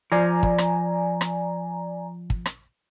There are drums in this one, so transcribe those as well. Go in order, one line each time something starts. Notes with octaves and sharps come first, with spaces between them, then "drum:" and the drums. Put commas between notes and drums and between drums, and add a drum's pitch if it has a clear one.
F3 D5 G#5 A#5
drum: kick
drum: rim click
drum: rim click
drum: kick
drum: rim click